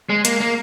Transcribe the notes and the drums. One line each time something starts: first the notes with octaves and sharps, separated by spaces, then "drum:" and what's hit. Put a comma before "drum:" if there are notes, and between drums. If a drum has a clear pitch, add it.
G#3
A#3, drum: hi-hat
A#3